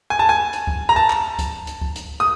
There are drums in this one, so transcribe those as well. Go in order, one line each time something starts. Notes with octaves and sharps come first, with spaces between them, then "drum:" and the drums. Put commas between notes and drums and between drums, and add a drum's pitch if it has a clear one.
G#5
A5
G#5
drum: hi-hat
drum: kick C#2
A#5
A5
drum: clap
drum: kick C#2, hi-hat
drum: hi-hat
drum: kick C#2
drum: hi-hat
D#6